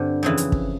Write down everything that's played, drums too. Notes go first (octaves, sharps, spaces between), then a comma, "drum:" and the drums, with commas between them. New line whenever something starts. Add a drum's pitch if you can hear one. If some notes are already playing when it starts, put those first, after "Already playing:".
Already playing: G2 D3 C4
F2 C#3 E3
drum: hi-hat
drum: kick